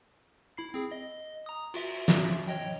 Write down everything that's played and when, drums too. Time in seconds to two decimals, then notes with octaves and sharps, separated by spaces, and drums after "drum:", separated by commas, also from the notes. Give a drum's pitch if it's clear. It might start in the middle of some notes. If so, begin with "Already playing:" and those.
0.57 E4 B5 C7
0.74 C4 G#4
0.92 D#5
1.46 A#5 D#6
1.74 F4 F#4 E5, drum: open hi-hat
2.08 drum: snare
2.47 C#5 D#5 G5